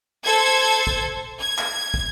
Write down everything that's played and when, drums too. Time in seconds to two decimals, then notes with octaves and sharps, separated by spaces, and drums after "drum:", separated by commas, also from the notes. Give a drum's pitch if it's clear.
0.23 A4 C5 G#6
0.87 drum: kick
1.40 G#6
1.58 drum: clap
1.94 drum: kick